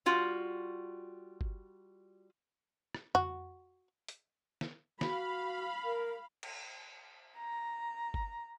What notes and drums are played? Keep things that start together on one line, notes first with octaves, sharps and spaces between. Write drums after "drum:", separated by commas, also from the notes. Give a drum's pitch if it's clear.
G3 F4 F#4
drum: kick G1
drum: rim click
F#4, drum: tom F2
drum: hi-hat
drum: snare
F#4 F5 B5, drum: snare
A#4
drum: cymbal
A#5
drum: kick G1